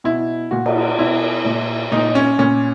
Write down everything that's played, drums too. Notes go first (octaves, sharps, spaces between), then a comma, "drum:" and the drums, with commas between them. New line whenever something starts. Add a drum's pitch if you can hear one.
B2 E4
A#2 F#4
drum: cymbal
B2 E4
A#2
A#2 D#4
C#4
A#2 C#4